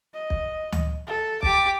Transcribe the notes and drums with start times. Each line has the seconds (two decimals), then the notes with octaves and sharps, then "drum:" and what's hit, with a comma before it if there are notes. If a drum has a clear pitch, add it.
0.14 D#5
0.30 drum: kick
0.72 drum: tom D2
1.07 A4
1.43 G4 A5 D6, drum: kick